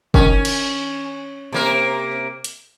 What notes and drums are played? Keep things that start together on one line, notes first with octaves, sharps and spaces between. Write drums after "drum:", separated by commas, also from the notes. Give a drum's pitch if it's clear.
D#3 C#4, drum: kick
drum: cymbal
C3 A#3 A#4
drum: hi-hat